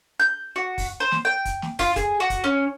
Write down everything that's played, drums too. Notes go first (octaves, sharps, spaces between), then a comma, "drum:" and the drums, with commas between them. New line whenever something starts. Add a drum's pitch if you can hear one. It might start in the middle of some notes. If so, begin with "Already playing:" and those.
G6
F#4
drum: kick, open hi-hat
C5
drum: snare
G5
drum: kick, hi-hat
drum: snare
F4, drum: kick, open hi-hat
G#4, drum: kick, hi-hat
F#4
drum: kick, hi-hat
C#4